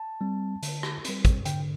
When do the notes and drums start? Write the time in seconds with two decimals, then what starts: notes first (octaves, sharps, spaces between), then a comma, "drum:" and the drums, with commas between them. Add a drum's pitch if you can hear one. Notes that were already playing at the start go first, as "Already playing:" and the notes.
Already playing: A5
0.21 G3 C4
0.63 D3, drum: hi-hat
0.83 drum: rim click
1.05 G3 C4, drum: hi-hat
1.25 drum: kick, hi-hat
1.45 D3 G5, drum: hi-hat